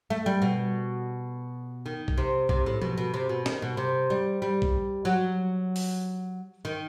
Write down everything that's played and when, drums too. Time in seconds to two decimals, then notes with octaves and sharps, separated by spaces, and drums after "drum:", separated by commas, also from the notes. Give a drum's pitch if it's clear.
0.10 A3
0.26 G3
0.42 B2
1.86 D#3
2.08 drum: kick B1
2.18 C3
2.49 C3, drum: kick B1
2.66 A2
2.82 B2, drum: tom F3
2.98 B2
3.14 C3
3.29 B2
3.46 D#3, drum: snare
3.62 B2
3.77 C3
4.10 G3
4.42 G3
4.62 drum: kick B1
5.05 F#3
5.76 drum: open hi-hat
6.65 D#3